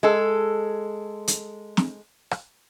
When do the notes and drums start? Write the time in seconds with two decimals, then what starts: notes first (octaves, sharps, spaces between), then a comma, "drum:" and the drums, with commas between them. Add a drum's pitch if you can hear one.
0.03 G#3 A4
1.28 drum: hi-hat
1.77 drum: snare
2.31 drum: rim click